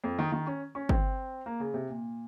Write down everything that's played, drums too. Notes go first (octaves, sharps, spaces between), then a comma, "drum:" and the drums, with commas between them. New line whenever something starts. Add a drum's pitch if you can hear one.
F2
D#3
D#3
C#4
C#4
C4, drum: kick
A#3
C#3
C3
A#2